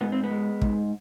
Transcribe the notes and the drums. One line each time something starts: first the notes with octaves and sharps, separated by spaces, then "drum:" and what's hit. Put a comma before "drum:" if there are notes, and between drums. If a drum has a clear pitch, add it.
G#2 B3
C4
B3
G#3
G#2, drum: kick